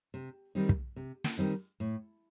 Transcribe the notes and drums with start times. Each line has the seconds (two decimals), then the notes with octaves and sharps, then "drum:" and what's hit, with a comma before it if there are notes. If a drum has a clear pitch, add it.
0.14 C3
0.55 D#3 G3 C4 D#4
0.69 drum: kick
0.96 C3
1.24 drum: snare
1.38 D#3 G3 C4 D#4
1.80 A2